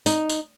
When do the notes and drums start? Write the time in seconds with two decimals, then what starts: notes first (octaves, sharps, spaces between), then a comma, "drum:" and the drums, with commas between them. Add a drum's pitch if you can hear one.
0.06 D#4, drum: tambourine
0.29 drum: tambourine